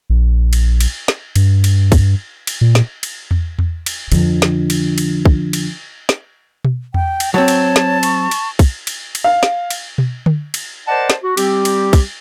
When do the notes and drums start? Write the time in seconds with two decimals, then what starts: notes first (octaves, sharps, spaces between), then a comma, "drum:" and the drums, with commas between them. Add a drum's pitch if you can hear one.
0.10 A#1
0.53 drum: cymbal
0.80 drum: cymbal
1.08 drum: snare
1.36 G2, drum: cymbal
1.64 drum: cymbal
1.92 drum: kick, cymbal
2.47 drum: cymbal
2.61 A#2
2.75 drum: snare
3.03 drum: cymbal
3.31 drum: tom E2
3.59 drum: tom E2
3.86 drum: cymbal
4.12 F2 D3, drum: cymbal
4.42 drum: snare
4.70 drum: cymbal
4.98 drum: cymbal
5.25 drum: kick
5.53 drum: cymbal
6.09 drum: snare
6.65 drum: tom B2
6.94 G5, drum: tom E2
7.20 drum: cymbal
7.34 F#3 C4 C#5 A5
7.48 drum: cymbal
7.76 drum: snare
8.03 C#6, drum: cymbal
8.31 drum: cymbal
8.59 drum: kick, cymbal
8.87 drum: cymbal
9.15 drum: cymbal
9.24 F5
9.43 drum: snare
9.70 drum: cymbal
9.98 drum: tom B2
10.26 drum: tom D3
10.54 drum: cymbal
10.88 A#4 C5 D5 D#5 F#5 A5
11.10 drum: snare
11.23 F#4
11.37 G3 C4 G4, drum: cymbal
11.65 drum: cymbal
11.93 drum: kick, cymbal